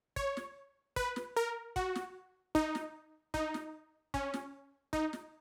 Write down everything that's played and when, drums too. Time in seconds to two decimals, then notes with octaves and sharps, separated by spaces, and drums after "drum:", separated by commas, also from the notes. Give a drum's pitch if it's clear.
0.16 C#5, drum: kick
0.37 drum: snare
0.96 B4, drum: kick
1.16 drum: snare
1.37 A#4
1.76 F#4, drum: kick
1.95 drum: snare
2.55 D#4, drum: kick
2.75 drum: snare
3.34 D#4, drum: kick
3.54 drum: snare
4.14 C#4, drum: kick
4.34 drum: snare
4.93 D#4, drum: kick
5.13 drum: snare